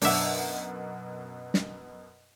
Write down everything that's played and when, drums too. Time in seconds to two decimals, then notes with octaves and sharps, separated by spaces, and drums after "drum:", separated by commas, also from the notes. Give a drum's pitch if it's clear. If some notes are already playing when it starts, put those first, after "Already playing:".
0.02 F#2 B2 D4 E5 F#5, drum: open hi-hat
1.54 drum: snare